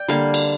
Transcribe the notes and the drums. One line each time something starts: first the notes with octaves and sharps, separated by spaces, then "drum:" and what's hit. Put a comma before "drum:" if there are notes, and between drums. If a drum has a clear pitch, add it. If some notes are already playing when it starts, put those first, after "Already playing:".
Already playing: D5 G5
D3 G3 A#3 F5
drum: cymbal